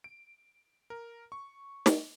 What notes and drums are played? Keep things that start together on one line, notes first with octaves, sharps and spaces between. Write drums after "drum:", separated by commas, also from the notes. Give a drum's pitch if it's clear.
D7
A#4
C#6
drum: snare